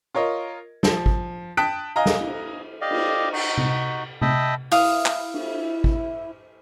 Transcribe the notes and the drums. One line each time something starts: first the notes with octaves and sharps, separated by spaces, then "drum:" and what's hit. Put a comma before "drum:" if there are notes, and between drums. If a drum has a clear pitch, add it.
F4 A#4 C#5 D#5
F3, drum: snare
drum: kick G#1
G5 A5 D#6 F#6 B6 D7
D#5 F5 G#5 A#5
drum: snare
drum: cymbal
G4 D5 D#5 F5
drum: cymbal
D#4 F#4, drum: cymbal
drum: tom C3
D#5 E5 G5 A5 B5 D#6, drum: tom C3
E4 F5 D#6, drum: open hi-hat
drum: clap
drum: cymbal
drum: kick G#1